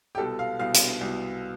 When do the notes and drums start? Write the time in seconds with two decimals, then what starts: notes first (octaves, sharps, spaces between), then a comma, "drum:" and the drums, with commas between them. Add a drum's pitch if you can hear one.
0.15 G4
0.18 C2 B2 A4
0.39 F5
0.59 C2 B2 F5
0.74 drum: hi-hat
1.01 C2 B2